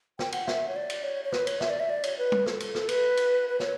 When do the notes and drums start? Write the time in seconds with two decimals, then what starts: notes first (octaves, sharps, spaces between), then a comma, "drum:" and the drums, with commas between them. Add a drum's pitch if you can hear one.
0.19 G5, drum: snare
0.32 F#5, drum: cymbal
0.48 E5, drum: snare
0.68 C#5
0.76 D5
0.90 drum: cymbal
1.04 C#5
1.25 C#5
1.32 B4, drum: snare
1.47 C#5, drum: cymbal
1.61 E5, drum: snare
1.70 D5
1.80 E5
1.89 D5
2.04 C#5, drum: cymbal
2.18 B4
2.32 drum: tom
2.46 A4, drum: snare
2.60 drum: cymbal
2.75 A4, drum: snare
2.89 B4, drum: cymbal
3.17 drum: cymbal
3.49 B4
3.60 C#5, drum: snare